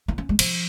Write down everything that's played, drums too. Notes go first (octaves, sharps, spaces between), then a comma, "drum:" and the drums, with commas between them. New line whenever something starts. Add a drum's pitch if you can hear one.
D#4
C#4
G#3
F3, drum: cymbal